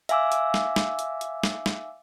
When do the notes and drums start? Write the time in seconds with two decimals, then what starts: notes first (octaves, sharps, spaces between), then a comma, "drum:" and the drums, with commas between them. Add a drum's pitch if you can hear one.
0.09 E5 F5 G#5 D6 E6, drum: hi-hat
0.32 drum: hi-hat
0.54 drum: snare
0.76 drum: snare
0.99 drum: hi-hat
1.21 drum: hi-hat
1.43 drum: snare
1.66 drum: snare